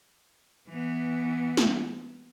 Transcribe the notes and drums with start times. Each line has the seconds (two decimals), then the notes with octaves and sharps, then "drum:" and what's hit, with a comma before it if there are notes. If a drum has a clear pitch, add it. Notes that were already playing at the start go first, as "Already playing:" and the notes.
0.70 E3 B3
1.57 drum: snare